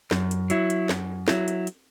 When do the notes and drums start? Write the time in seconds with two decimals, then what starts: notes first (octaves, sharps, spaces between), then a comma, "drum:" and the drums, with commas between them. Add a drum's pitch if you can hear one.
0.11 F#2, drum: snare
0.31 drum: hi-hat
0.50 F#3 E4, drum: hi-hat
0.70 drum: hi-hat
0.89 F#2, drum: snare
1.28 F#3 E4, drum: snare
1.48 drum: hi-hat
1.67 drum: hi-hat